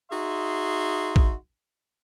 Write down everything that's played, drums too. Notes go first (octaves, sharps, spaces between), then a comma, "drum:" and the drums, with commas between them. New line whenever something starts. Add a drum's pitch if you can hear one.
D#4 F#4 G#4 E5 C6
drum: kick A1